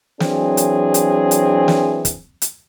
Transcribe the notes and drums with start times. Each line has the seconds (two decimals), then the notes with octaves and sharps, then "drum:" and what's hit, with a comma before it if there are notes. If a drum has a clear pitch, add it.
0.20 E3 F#3 C4 D4 G#4, drum: snare
0.57 drum: hi-hat
0.94 drum: hi-hat
1.31 drum: hi-hat
1.68 drum: snare
2.05 drum: kick, hi-hat
2.42 drum: hi-hat